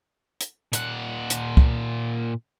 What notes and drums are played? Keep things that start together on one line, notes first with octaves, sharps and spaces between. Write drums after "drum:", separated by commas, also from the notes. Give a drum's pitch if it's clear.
drum: hi-hat
A#2 F#5, drum: hi-hat
drum: hi-hat
drum: kick C2